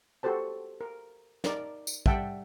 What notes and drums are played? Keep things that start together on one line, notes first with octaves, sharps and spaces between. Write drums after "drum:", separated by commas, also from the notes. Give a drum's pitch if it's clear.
F#4 G4 A4 C5 A5
A#4
D#4 A#4 D5, drum: snare
drum: tambourine
G3 E5 F#5 G5 A5, drum: kick